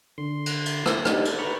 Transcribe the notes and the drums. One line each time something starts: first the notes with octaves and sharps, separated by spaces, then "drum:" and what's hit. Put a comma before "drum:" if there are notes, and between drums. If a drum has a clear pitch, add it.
D3 C6
drum: cymbal
drum: cymbal
E5 G6 A#6, drum: rim click
D4 D#4 G4 A4, drum: rim click
drum: cymbal
B4 A#5 B5 C#6